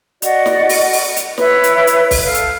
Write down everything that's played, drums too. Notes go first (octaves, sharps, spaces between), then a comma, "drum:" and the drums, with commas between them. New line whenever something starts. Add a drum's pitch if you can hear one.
F#4 D5 D#5 F#5, drum: hi-hat
drum: snare
drum: open hi-hat
drum: open hi-hat
drum: hi-hat
E4 B4 C#5, drum: snare
drum: hi-hat
drum: hi-hat
drum: kick, open hi-hat
A4 F5
drum: hi-hat